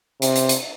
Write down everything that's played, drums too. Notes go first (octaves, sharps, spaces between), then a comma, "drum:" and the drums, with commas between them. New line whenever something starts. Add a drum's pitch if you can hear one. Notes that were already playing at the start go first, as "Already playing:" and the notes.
C3, drum: hi-hat
drum: hi-hat
drum: hi-hat